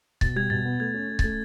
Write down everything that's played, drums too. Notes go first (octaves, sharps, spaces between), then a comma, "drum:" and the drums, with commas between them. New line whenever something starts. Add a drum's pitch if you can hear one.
B2 A6, drum: kick C#1
G3 G#6
B2 A6
B3
A3 G#6
C#4
C#4
A3 A6, drum: kick C#1